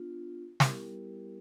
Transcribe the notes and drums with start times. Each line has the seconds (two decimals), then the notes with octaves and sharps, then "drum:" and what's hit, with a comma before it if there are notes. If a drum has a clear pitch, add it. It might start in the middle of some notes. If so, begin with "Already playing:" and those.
Already playing: B3 D4 F4
0.60 G3 B3 E4 G4 A#4, drum: snare